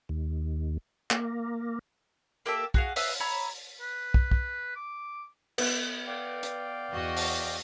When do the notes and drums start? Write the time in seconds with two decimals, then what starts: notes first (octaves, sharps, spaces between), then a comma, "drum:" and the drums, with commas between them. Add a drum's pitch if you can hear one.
0.09 D#2
1.11 A#3, drum: clap
2.46 A#3 G4 A4 E5
2.74 F#4 G#4 F5, drum: kick
2.96 B4 E5 F5 F6, drum: open hi-hat
3.20 C#5 E5 A#5 B5
3.81 B4
4.14 drum: kick
4.31 drum: kick
4.76 D6
5.58 B3, drum: cymbal
6.07 D5 F5 G5
6.43 drum: hi-hat
6.92 E2 F#4 D#5
7.17 drum: open hi-hat